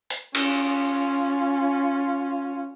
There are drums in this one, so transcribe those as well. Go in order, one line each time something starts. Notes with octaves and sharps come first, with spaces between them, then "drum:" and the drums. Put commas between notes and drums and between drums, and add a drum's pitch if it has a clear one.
drum: hi-hat
C#4 F4, drum: cymbal